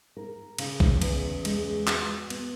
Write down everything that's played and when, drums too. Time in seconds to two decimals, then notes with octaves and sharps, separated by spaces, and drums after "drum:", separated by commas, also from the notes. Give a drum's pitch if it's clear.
0.17 A#4
0.58 C#3, drum: cymbal
0.80 drum: kick A#1
1.02 E2, drum: cymbal
1.45 G#3, drum: cymbal
1.87 F#4, drum: clap
2.30 B3, drum: cymbal